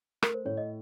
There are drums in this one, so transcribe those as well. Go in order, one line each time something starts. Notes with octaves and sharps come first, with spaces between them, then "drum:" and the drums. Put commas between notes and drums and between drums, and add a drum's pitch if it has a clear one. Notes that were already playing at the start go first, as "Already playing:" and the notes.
A3 A#4, drum: rim click
C5
A2 C#5
D#5